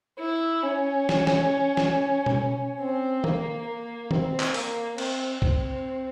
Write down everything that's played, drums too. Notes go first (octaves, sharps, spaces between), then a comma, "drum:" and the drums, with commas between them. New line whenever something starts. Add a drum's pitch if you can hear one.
E4
C#4
drum: snare
drum: snare
drum: snare
drum: tom B2
C4
A#3, drum: tom D#3
A#3
C4, drum: tom D#3
drum: clap
A#3, drum: open hi-hat
C4, drum: cymbal
C4, drum: kick B1